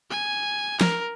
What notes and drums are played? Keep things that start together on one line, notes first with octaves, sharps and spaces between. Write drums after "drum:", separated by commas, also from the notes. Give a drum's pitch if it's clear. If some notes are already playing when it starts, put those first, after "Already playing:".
G#5
A#4, drum: snare